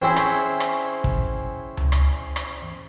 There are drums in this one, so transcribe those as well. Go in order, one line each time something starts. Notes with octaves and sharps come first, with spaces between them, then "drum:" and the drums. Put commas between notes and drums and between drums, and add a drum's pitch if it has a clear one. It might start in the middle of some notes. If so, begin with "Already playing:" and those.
C4 C#4 E4 G#4
drum: rim click
drum: rim click
drum: kick
drum: tom C#2
drum: rim click
drum: rim click